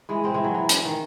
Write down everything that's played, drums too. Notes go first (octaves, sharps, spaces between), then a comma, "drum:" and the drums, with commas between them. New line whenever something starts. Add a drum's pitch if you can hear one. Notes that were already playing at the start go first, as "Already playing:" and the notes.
E3 G#3
G#3 C4
E3 G#3
F#3
E3
drum: hi-hat
D#3